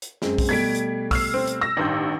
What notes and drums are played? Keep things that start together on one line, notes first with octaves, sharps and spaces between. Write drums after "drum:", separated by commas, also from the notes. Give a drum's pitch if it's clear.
drum: hi-hat
F#2 G#3 C4, drum: snare
drum: kick, open hi-hat
B2 G3 A3 G#6 B6 D7
drum: hi-hat
E6 F6 C7, drum: kick, open hi-hat
C4
drum: hi-hat
E6 A#6
A1 G2 D#3 C6 G6